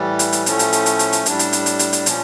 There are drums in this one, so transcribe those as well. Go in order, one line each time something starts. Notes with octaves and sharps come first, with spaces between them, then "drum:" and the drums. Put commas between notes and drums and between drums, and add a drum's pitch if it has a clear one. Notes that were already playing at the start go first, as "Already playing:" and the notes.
Already playing: A2 E3 G3
drum: hi-hat
drum: hi-hat
A2 F3 A3 C#4, drum: hi-hat
drum: hi-hat
drum: hi-hat
drum: hi-hat
drum: hi-hat
drum: hi-hat
A2 G3 D4, drum: hi-hat
drum: hi-hat
drum: hi-hat
drum: hi-hat
drum: hi-hat
drum: hi-hat
A#2 F3 C#4, drum: hi-hat